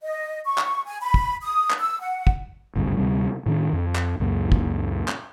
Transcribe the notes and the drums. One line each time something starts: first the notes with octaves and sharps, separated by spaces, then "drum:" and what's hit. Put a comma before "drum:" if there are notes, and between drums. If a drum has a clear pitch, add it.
D#5
C#6
drum: clap
G#5
B5
drum: kick
D#6
drum: clap
E6
F#5
drum: kick
G#1 D2 G2 C3
D2 C3 G3
A2 D#3 D4
F2
drum: clap
C#2 F#2 A#2
drum: kick
drum: clap